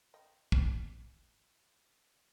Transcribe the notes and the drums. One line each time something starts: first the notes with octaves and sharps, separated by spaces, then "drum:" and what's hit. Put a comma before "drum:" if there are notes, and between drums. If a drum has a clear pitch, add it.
D#5 G5
drum: kick